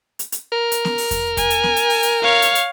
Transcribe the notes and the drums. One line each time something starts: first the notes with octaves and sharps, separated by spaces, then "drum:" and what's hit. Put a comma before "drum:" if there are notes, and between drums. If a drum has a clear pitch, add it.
drum: hi-hat
drum: hi-hat
A#4
drum: hi-hat
drum: snare B3
drum: open hi-hat
drum: kick E2, hi-hat
G#5, drum: kick E2, hi-hat
drum: hi-hat
drum: snare B3
drum: hi-hat
drum: open hi-hat
drum: hi-hat
C#5 F5
drum: hi-hat
drum: hi-hat